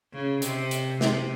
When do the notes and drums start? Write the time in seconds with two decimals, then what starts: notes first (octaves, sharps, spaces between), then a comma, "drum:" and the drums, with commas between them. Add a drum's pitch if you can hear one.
0.13 C#3
0.42 C3, drum: hi-hat
0.71 drum: hi-hat
1.01 C3, drum: snare